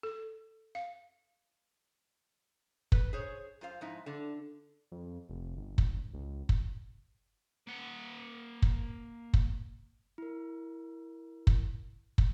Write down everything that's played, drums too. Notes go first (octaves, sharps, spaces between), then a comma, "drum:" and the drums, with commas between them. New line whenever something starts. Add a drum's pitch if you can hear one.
A4
F5
B4, drum: kick
G#4 C5 C#5
F#2 F4 C5 F5
G#2 F3 D#4 E4
D3
F2
F1
G1
drum: kick
C#2
drum: kick
A#3 F#5
drum: kick
drum: kick
E4 A#4
drum: kick
drum: kick